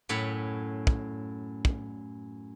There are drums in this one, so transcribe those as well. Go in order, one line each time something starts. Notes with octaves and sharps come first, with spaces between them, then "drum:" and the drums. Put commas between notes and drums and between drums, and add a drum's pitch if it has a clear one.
F#2 A2 C#5 B5
drum: kick
drum: kick